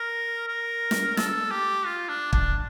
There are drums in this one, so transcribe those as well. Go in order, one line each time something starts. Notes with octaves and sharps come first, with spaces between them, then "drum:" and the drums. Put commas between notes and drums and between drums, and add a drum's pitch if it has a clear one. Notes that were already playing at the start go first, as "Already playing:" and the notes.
Already playing: A#4
A#4
drum: snare
A4, drum: snare
G4
F4
D4
D4, drum: kick